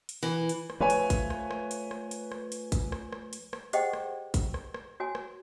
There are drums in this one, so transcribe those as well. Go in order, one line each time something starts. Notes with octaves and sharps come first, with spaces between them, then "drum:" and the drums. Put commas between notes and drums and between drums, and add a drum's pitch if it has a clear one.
drum: hi-hat
E3
drum: hi-hat
drum: rim click
F3 A3 B4 C#5 G#5
drum: hi-hat
drum: kick A1, hi-hat
drum: rim click
drum: rim click
drum: hi-hat
drum: rim click
drum: hi-hat
drum: rim click
drum: hi-hat
drum: kick A1, hi-hat
drum: rim click
drum: rim click
drum: hi-hat
drum: rim click
G4 G#4 C5 D#5 F#5 G5, drum: hi-hat
drum: rim click
drum: kick A1, hi-hat
drum: rim click
drum: rim click
F#4 C#5 G#5
drum: rim click